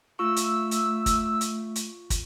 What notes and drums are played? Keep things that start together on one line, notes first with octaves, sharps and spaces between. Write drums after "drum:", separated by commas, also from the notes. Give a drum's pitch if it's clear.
A3 F4 C#6 E6
drum: hi-hat
drum: hi-hat
drum: kick, hi-hat
drum: hi-hat
drum: hi-hat
drum: kick, hi-hat